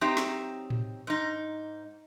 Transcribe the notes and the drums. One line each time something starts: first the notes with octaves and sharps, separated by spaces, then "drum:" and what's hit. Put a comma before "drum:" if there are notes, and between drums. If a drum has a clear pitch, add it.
F#3 C4 D#4 G4 E5
drum: snare
drum: tom A2
G#2 D#4